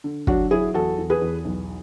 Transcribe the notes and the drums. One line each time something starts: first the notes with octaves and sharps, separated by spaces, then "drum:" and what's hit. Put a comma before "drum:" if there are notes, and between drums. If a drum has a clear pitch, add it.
D3
F#3 D4 F#4, drum: kick
F#3 E4 G#4
E2 F#4 A4
E2
G#4 B4
E2
B1